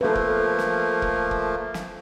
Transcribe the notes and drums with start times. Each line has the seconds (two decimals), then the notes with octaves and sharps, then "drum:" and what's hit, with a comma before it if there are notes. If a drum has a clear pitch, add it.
0.01 F3 A3 A#3 A4 B4
0.15 drum: kick
0.59 drum: snare
1.02 drum: kick
1.31 drum: kick
1.74 drum: snare